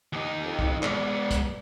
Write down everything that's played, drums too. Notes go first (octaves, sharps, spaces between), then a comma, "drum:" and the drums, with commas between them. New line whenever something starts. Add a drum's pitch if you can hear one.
D#2 D#4
F2
drum: kick
G#3 B3 D5, drum: clap
drum: kick, hi-hat